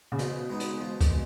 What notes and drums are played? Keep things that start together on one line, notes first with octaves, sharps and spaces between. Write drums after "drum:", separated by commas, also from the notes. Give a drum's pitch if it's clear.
C#3
B2 F3, drum: hi-hat
G#3 B3 D#4
drum: hi-hat
F3
drum: kick C#2, hi-hat
G#3